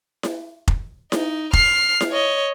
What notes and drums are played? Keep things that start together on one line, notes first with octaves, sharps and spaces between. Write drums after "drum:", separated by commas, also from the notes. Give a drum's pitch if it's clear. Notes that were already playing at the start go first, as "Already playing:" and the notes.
drum: snare E4
drum: kick F1
D#4, drum: snare E4
F6 C7, drum: kick F1
drum: snare E4
C#5 D#5